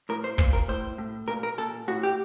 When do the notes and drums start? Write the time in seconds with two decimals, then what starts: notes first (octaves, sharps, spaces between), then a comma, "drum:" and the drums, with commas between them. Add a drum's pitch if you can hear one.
0.09 A2 A#4
0.24 C5
0.38 A#2 C5, drum: kick
0.53 A#4
0.68 A2 C5
0.98 A2
1.28 A#2 A#4
1.43 A#4
1.58 A#2 A4
1.88 A2 F#4
2.03 G4